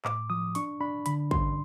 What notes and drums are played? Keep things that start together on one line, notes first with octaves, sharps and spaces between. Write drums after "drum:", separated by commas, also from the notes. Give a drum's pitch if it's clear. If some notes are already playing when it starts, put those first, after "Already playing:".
A2 D6, drum: clap
F3 D#6
D4 C#6, drum: hi-hat
D4 B5
D3 B5, drum: hi-hat
G2 C6, drum: kick